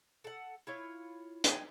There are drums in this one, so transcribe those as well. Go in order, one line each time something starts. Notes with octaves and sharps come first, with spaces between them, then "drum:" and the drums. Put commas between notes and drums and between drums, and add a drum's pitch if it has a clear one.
A4 F#5
E4 F4 C#5
C4 G#4, drum: hi-hat